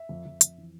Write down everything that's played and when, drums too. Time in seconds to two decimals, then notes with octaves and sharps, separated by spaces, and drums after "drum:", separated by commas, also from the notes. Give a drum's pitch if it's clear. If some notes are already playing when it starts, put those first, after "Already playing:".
Already playing: E5
0.09 F2
0.26 F2
0.41 F2, drum: hi-hat
0.58 E3